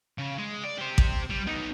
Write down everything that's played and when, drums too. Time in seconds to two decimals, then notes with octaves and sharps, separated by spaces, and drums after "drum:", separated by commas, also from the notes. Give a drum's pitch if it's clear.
0.18 C#3
0.38 G#3
0.64 D5
0.78 G4 C5
0.98 drum: kick A1
1.30 G3
1.47 B3 D#4